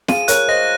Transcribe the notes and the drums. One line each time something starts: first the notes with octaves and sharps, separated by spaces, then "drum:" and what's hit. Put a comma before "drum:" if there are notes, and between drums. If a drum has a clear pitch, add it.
F4 G#4 D#7, drum: snare
A#4 C#5 F#6, drum: hi-hat
C5 D#5 A#6